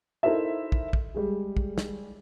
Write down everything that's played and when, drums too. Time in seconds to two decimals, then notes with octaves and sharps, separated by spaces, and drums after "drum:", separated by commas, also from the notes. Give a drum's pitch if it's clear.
0.23 D#4 E4 A4 A#4 C5 E5
0.72 drum: kick
0.93 drum: kick
1.14 G3 G#3 G#4
1.57 drum: kick
1.78 drum: snare